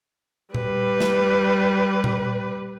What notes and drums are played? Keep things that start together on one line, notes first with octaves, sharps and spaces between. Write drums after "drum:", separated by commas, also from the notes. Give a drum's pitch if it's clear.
G3 B4, drum: tom A#2
drum: snare
drum: tom A#2